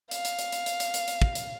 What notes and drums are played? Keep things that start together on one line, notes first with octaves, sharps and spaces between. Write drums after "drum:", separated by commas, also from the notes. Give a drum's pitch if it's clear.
F5, drum: hi-hat
drum: hi-hat
drum: hi-hat
drum: hi-hat
drum: hi-hat
drum: hi-hat
drum: hi-hat
drum: hi-hat
drum: kick
drum: hi-hat